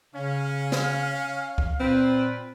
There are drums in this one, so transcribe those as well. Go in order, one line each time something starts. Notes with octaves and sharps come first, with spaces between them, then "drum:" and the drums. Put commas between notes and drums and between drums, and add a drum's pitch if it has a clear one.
C#3 C#4 F5
drum: snare
drum: kick C#2
A#2 C4 F4 B4